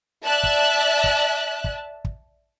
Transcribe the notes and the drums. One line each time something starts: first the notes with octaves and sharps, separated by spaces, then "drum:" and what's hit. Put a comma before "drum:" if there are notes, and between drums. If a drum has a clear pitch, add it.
D5 E5 A5 F#6
drum: kick
drum: kick
drum: kick
drum: kick